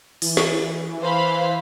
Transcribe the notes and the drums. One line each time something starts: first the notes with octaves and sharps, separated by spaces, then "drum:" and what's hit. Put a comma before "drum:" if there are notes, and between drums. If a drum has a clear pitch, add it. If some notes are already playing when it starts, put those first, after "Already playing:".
E3, drum: open hi-hat
drum: snare
C5 F5 B5